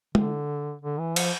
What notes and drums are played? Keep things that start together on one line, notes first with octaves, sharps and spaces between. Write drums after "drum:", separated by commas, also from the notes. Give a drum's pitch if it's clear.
D3, drum: tom G#3
D3
E3
F3, drum: cymbal